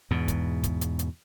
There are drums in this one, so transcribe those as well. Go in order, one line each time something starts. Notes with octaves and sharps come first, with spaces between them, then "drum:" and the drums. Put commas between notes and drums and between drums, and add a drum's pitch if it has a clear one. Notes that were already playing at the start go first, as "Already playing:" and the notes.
E2 G#2 B2
drum: kick, hi-hat
drum: kick, hi-hat
drum: hi-hat
drum: hi-hat